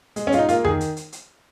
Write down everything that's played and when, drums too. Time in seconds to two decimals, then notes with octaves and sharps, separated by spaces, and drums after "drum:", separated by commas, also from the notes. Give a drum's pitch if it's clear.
0.16 G#3, drum: hi-hat
0.27 C#4
0.32 G#3 F4, drum: hi-hat
0.39 D#4
0.49 A#3 F4, drum: hi-hat
0.64 D#3 G#4, drum: tom F2
0.81 drum: hi-hat
0.96 drum: hi-hat
1.12 drum: hi-hat